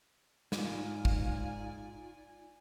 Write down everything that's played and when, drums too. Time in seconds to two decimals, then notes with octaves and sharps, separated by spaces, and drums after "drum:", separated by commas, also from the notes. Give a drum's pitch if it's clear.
0.52 G#2 D#4 F4 D5 G#5, drum: snare
1.05 drum: kick